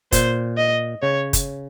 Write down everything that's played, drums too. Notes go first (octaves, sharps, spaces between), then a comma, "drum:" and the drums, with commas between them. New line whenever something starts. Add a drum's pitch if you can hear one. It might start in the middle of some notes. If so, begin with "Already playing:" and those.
A#2 C5, drum: kick, hi-hat
D#5
C#3 C#5
drum: kick, hi-hat